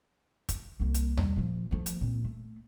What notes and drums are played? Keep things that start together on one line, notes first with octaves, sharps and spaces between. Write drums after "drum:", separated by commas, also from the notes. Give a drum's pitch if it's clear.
drum: kick, hi-hat
C2 A#3
drum: hi-hat
G3 A3, drum: tom D#2
A#2 F3
F3 A3
drum: hi-hat
A#2 C4
A3